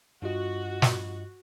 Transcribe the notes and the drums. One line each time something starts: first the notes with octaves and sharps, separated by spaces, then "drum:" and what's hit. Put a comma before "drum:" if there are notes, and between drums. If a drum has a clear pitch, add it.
G2 F4 F#4 D#5
drum: snare